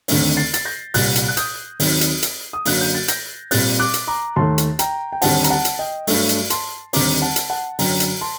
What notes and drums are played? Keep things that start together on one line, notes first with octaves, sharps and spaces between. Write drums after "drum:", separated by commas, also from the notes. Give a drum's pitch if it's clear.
D#2 D3 A3 C4, drum: open hi-hat
A6 C7
A6, drum: hi-hat
G6 A#6
C2 A#2 G3 F#6 A6, drum: open hi-hat
drum: hi-hat
F#6
D#6 G6, drum: hi-hat
D#2 D#3 F#3 C4, drum: open hi-hat
drum: hi-hat
drum: hi-hat
D#6
F#2 D3 F#3 A#3 F#6, drum: open hi-hat
G6
A6
G6 A#6, drum: hi-hat
A#2 G3 C4 F#6 A6, drum: open hi-hat
D6 F#6
drum: hi-hat
A#5 D6
D#2 D#3 A3 A5 C6
drum: hi-hat
G5 A#5, drum: hi-hat
G5
D#2 D3 G3 C4 F#5 A5, drum: open hi-hat
A#5, drum: hi-hat
F#5 A5
drum: hi-hat
D#5 G5
G2 F#3 A3, drum: open hi-hat
drum: hi-hat
A5 C6, drum: hi-hat
D#2 D3 G3 C4 A#5 D6, drum: open hi-hat
F#5 A5
drum: hi-hat
F#5 A5
F#2 D3 F#3 G5 A#5, drum: open hi-hat
drum: hi-hat
A5 C6